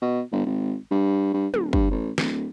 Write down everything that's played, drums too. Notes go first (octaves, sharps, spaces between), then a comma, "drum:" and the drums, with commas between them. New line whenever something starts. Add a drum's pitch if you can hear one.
B2
G1
G#1
G2
G2
D#1, drum: tom
G2, drum: kick
A1
D1, drum: snare